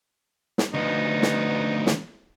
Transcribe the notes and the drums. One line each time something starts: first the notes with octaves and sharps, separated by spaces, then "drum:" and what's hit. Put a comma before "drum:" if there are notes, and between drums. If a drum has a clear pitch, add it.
drum: snare
D2 F3 B3 D#4
drum: snare
drum: snare